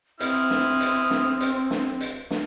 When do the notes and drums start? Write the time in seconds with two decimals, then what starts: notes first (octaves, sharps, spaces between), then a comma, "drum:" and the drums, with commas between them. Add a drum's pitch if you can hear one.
0.20 C4 E4 D#6 F6, drum: hi-hat
0.50 drum: snare
0.80 drum: hi-hat
1.10 drum: snare
1.40 drum: hi-hat
1.70 drum: snare
2.01 drum: hi-hat
2.31 drum: snare